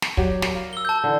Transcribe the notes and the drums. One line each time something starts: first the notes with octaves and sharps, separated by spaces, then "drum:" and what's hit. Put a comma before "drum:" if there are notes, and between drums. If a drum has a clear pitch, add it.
drum: snare
F#3 G4, drum: kick
G4 A#4, drum: snare
F5
E6 G7
A5 G6
D3 E3